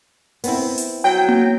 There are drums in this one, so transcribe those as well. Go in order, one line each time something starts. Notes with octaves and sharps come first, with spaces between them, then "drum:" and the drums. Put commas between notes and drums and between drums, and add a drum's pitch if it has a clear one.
B3 C4 E4, drum: open hi-hat
drum: hi-hat
F#3 G5
drum: tom A#3